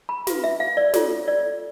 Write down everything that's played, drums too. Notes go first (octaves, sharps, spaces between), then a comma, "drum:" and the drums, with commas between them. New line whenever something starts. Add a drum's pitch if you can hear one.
B5
F#4 B4 F5, drum: snare
E5
F5
D5
F4 A4 C#5, drum: snare
D5